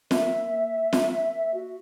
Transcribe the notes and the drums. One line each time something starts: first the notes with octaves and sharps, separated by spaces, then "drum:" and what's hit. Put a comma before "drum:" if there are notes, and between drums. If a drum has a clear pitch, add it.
A#3 E5, drum: snare
drum: snare
F#4